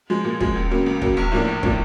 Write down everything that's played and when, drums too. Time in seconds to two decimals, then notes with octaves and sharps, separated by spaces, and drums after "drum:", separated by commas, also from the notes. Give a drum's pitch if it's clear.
0.10 F3 G#3
0.25 A#2
0.40 F3 G#3, drum: kick
0.56 C#2
0.71 C#3 F#3 A#3
0.86 C#2
1.02 C#3 F#3 A#3, drum: kick
1.17 A#1
1.32 A2 F3 A#3 D4
1.48 A#1
1.63 A2 F3 A#3 D4, drum: kick